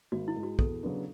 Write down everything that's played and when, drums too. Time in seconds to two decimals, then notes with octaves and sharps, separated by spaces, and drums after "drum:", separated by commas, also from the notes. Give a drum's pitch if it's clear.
0.12 G#1 F#4
0.28 E4
0.35 G#2 G#3
0.43 F#4
0.59 E2 A4, drum: kick
0.83 C#3 F#3 B3 D4